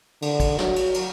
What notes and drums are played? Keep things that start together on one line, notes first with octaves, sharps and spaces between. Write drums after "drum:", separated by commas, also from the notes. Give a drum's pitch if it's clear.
D3, drum: cymbal
drum: kick, cymbal
F#3, drum: snare
drum: cymbal
drum: cymbal